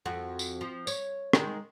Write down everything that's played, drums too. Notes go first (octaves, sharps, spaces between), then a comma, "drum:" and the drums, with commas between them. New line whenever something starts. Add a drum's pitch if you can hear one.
F2 F#4
drum: tambourine
F3
C#5, drum: tambourine
D#3 G#3, drum: rim click